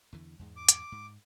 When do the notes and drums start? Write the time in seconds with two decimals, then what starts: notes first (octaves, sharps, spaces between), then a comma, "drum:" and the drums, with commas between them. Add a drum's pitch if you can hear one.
0.13 E2 D3 E3
0.39 E2 G#2 G#3
0.57 D6
0.69 drum: hi-hat
0.92 G#2